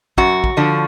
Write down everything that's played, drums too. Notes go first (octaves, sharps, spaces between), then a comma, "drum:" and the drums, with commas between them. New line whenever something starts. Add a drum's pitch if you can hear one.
F#2 F#4, drum: kick
drum: kick
D3 F3